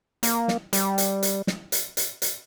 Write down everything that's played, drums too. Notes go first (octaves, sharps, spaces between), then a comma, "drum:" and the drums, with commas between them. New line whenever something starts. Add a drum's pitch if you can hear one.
A#3, drum: hi-hat
drum: snare
G3, drum: hi-hat
drum: hi-hat
drum: hi-hat
drum: snare
drum: hi-hat
drum: hi-hat
drum: hi-hat